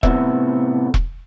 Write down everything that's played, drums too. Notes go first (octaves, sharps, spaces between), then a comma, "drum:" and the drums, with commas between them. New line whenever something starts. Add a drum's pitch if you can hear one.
A2 C3 B3 E5, drum: kick E1
drum: kick E1